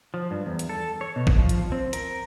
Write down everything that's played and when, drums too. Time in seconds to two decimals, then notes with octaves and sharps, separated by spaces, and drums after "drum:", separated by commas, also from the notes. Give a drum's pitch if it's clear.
0.14 F3
0.31 G2
0.46 E2
0.59 drum: hi-hat
0.69 A4
1.01 C#5
1.16 B2
1.27 drum: kick A1
1.38 F3
1.49 drum: hi-hat
1.72 C4
1.93 A#4, drum: hi-hat